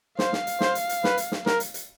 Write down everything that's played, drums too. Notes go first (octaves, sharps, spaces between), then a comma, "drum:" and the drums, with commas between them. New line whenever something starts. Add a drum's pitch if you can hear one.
C5 F5, drum: snare
drum: snare
drum: hi-hat
C5, drum: snare
drum: hi-hat
drum: hi-hat
B4, drum: snare
drum: hi-hat
drum: snare
A#4, drum: snare
drum: hi-hat
drum: hi-hat